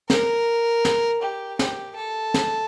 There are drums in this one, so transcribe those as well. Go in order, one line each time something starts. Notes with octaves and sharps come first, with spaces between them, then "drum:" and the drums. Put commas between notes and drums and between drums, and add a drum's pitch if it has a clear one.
A#4, drum: snare
drum: snare
G4
G4, drum: snare
A4
drum: snare